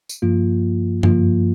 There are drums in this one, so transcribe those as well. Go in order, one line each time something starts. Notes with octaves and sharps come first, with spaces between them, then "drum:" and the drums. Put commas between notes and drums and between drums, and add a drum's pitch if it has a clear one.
drum: tambourine
G2 F3 A#3 F4
G2 F3 A#3 F4, drum: tom F#2